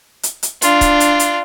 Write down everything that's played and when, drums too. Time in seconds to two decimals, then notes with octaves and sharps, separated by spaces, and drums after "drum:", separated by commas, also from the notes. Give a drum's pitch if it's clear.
0.23 drum: hi-hat
0.43 drum: hi-hat
0.62 D4 F4, drum: hi-hat
0.81 drum: kick C#1, hi-hat
1.00 drum: hi-hat
1.19 drum: hi-hat